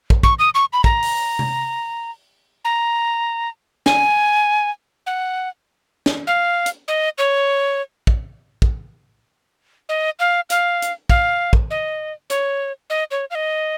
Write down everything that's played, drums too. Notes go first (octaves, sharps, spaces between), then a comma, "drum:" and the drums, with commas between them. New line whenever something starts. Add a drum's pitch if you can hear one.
drum: kick
C#6, drum: kick
D#6
C#6
B5
A#5, drum: kick
drum: open hi-hat
drum: tom C3
A#5
G#5, drum: snare
F#5
drum: snare
F5
drum: hi-hat
D#5
C#5
drum: kick
drum: kick
D#5
F5
F5, drum: hi-hat
drum: hi-hat
F5, drum: kick
drum: kick
D#5
C#5, drum: hi-hat
D#5
C#5
F5
D#5